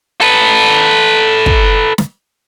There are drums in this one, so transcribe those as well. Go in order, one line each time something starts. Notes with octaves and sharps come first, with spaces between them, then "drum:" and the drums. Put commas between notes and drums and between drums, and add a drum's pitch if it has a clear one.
A4 B4
drum: kick
drum: snare